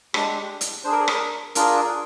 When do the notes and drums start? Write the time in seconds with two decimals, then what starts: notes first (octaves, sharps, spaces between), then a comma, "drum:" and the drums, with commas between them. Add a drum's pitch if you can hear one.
0.14 G#3 D4 G4, drum: rim click
0.61 drum: hi-hat
0.84 D4 G#4 C5
0.92 A#4
1.00 G#4
1.08 A#4, drum: rim click
1.55 D4 F4 G#4 A#4, drum: hi-hat